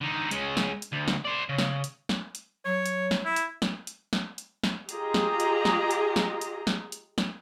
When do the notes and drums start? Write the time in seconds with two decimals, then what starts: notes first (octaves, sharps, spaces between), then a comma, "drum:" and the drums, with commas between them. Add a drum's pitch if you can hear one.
0.01 D3 D#4
0.31 G#3 C#4, drum: hi-hat
0.57 drum: snare
0.82 drum: hi-hat
0.92 D2
1.08 drum: snare
1.25 C5 D5
1.49 C#3
1.58 drum: snare
1.84 drum: hi-hat
2.09 drum: snare
2.35 drum: hi-hat
2.65 F#3 C#5
2.86 drum: hi-hat
3.11 drum: snare
3.25 E4
3.36 drum: hi-hat
3.62 drum: snare
3.87 drum: hi-hat
4.13 drum: snare
4.38 drum: hi-hat
4.64 drum: snare
4.89 F4 G4 G#4 D#5 A#5, drum: hi-hat
5.14 drum: snare
5.40 drum: hi-hat
5.65 drum: snare
5.91 drum: hi-hat
6.16 drum: snare
6.41 drum: hi-hat
6.67 drum: snare
6.92 drum: hi-hat
7.18 drum: snare